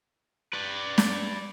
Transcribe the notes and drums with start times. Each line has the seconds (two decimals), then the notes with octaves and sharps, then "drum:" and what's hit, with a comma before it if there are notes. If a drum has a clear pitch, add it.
0.53 B4 D5
0.98 drum: snare